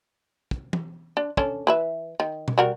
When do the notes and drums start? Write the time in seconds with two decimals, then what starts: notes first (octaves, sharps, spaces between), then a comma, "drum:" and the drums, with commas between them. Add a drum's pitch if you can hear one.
0.51 drum: kick
0.73 drum: tom E3
1.17 D4
1.37 C#4 D4 A4, drum: kick
1.67 E3 B4 E5
2.20 D#3
2.48 drum: tom B2
2.58 G3 F#4 A#4